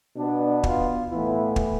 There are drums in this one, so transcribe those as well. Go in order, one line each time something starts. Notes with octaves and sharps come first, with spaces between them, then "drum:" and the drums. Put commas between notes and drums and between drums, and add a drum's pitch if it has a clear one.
B2 B3 D4
F4, drum: kick
A2 E3 B3 E4
drum: kick